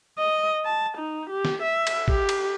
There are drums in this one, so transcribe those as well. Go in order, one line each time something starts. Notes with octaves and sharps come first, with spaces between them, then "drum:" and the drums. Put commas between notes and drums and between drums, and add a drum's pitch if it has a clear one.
D#5
A5
D#4
G4
drum: snare
E5
drum: cymbal
G4, drum: kick
drum: cymbal